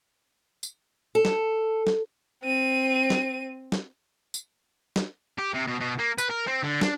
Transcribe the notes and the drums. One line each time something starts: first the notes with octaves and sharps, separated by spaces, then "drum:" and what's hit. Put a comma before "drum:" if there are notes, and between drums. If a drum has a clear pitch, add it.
drum: tambourine
A4
drum: snare
drum: snare
C4 D#7
drum: snare
drum: snare
drum: tambourine
drum: snare
G4
C3
B2
B2
A#3
B4, drum: tambourine
A#4
C4
D3
D4, drum: snare